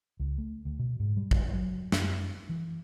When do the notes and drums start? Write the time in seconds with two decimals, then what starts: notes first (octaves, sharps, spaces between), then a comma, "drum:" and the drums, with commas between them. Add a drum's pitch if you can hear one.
0.20 C#2
0.38 A3
0.65 D2
0.79 B2
1.00 G#2
1.17 G3
1.31 drum: kick
1.52 F#3
1.92 F#2, drum: snare
2.49 E3